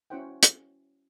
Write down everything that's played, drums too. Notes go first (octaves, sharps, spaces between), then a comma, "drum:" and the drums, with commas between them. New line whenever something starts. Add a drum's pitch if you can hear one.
C#4 E4 F#4 C5 F#5 G5
drum: hi-hat